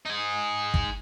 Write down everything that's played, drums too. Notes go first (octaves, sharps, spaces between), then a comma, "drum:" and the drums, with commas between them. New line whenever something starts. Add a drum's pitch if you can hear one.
D#4 G#4
drum: kick